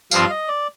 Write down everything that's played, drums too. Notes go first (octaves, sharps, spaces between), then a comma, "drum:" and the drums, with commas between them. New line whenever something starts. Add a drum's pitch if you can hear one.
G2 F3 C4 F4 F5, drum: tambourine
D#5
D5